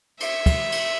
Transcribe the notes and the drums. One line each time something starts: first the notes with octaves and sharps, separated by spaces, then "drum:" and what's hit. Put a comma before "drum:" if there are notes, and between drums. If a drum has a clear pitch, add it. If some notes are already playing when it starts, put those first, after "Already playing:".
E5, drum: cymbal
drum: kick, cymbal
drum: cymbal